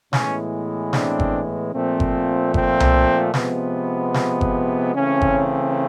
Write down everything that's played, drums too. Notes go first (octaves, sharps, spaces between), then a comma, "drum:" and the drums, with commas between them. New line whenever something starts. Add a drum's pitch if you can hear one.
A2 E3 G#3 B3 C#4, drum: snare
C4 D4, drum: snare
drum: kick G1
A#2 F3 A3 C4
drum: kick G1
C4, drum: kick G1
drum: tom C2
C3 F3 G#3 B3, drum: snare
drum: snare
drum: kick G1
C#3 E3 A3 C4 C#4
drum: kick G1